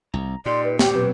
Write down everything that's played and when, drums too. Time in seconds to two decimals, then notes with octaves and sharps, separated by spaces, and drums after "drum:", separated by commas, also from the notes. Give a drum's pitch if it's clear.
0.14 C2 A#5
0.46 A#2 D#4 G4 D5 C6
0.64 B4
0.79 G4 G5, drum: snare
0.94 B2 F#3 C4 B4